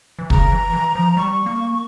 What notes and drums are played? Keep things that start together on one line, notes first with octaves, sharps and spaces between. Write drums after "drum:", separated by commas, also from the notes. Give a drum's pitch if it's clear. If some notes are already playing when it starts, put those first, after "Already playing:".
E3
C#3 A#5, drum: kick
E3
E3
F3
G3 C#6
A#3